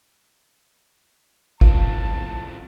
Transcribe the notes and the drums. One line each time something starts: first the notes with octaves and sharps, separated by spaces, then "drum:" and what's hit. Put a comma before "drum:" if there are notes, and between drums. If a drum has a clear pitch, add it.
F#1 A2 C4 F4 A5, drum: kick